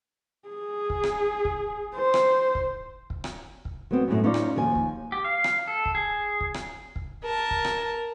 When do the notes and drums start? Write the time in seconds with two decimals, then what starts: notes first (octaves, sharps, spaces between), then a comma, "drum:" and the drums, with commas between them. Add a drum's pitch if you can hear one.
0.48 G#4
0.90 drum: kick
1.03 drum: rim click
1.45 drum: kick
1.95 C5
2.14 drum: rim click
2.55 drum: kick
3.10 drum: kick
3.24 drum: rim click
3.65 drum: kick
3.91 F#3 B3 C4
4.08 F#2 A2 F#3 C#4
4.24 C#4 D#4 F4 C5 D5
4.34 drum: rim click
4.56 D#2 F3 G#5
4.75 drum: kick
5.12 G4
5.24 F5
5.44 drum: rim click
5.68 A4
5.85 drum: kick
5.95 G#4
6.41 drum: kick
6.54 drum: rim click
6.96 drum: kick
7.23 A#4 A5
7.51 drum: kick
7.65 drum: rim click